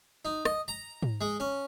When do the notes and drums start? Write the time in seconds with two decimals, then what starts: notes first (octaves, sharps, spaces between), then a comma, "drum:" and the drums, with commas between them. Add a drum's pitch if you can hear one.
0.25 D#4
0.45 D#5, drum: rim click
0.68 A#5
1.03 drum: tom G#2
1.21 G#3
1.40 C#4